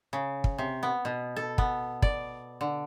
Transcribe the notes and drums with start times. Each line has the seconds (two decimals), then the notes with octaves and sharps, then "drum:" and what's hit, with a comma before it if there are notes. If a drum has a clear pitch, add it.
0.13 C#3
0.44 drum: kick
0.58 C3
0.83 B3
1.05 B2
1.36 A4
1.58 B3, drum: kick
2.02 D5, drum: kick
2.61 D3